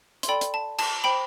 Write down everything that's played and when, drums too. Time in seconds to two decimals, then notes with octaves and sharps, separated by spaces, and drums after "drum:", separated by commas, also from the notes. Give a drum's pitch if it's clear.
0.23 C6, drum: hi-hat
0.28 A4 D5 G5 B5
0.41 drum: hi-hat
0.54 A5
0.79 A5, drum: cymbal
1.04 C5 G5 B5